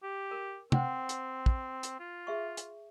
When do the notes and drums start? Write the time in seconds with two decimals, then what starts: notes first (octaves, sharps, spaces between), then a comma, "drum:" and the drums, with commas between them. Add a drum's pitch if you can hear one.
0.03 G4
0.31 A#4
0.72 C4 C5 F#5 G5, drum: tom
1.09 drum: hi-hat
1.46 drum: kick
1.83 drum: hi-hat
1.99 F4
2.27 G#4 E5 C#6
2.57 drum: hi-hat